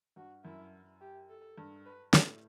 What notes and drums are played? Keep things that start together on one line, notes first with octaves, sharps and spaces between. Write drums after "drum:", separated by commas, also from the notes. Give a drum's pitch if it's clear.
G2 F#4
F#2 E4
G4
A4
G2
B4
A2 A4, drum: snare